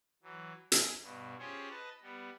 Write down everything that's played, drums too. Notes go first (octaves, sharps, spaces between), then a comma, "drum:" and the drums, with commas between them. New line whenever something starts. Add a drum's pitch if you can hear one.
E3 F#3
G#5, drum: hi-hat
G2 B2
C#4 F4 G4 G#4 C5 C#5
B4 D#5 A5
G3 B3